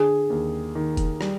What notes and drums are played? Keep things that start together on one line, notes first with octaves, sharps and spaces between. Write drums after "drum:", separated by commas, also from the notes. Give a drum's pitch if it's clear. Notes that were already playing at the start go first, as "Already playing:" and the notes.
Already playing: D3 G#4
D#2
D#3
drum: kick F1, hi-hat
G3, drum: rim click